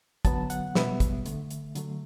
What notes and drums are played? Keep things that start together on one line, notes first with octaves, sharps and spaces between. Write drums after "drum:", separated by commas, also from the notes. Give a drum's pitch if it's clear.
D3 F#3 B3 A5, drum: kick, hi-hat
F#5, drum: hi-hat
B2 G3 B3 E5, drum: snare
drum: kick, hi-hat
D3 A3, drum: hi-hat
drum: hi-hat
D3 F#3 A3, drum: hi-hat